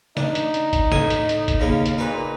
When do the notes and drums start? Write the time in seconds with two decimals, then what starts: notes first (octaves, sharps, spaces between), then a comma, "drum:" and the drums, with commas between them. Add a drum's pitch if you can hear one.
0.17 D4 D#4, drum: snare
0.35 drum: hi-hat
0.54 drum: hi-hat
0.73 drum: kick, hi-hat
0.92 A2 G#5 D#6, drum: snare
1.10 drum: hi-hat
1.29 drum: hi-hat
1.48 drum: kick, hi-hat
1.60 D#2 C#3 A#3
1.86 drum: hi-hat
1.98 A#2 D#4 B4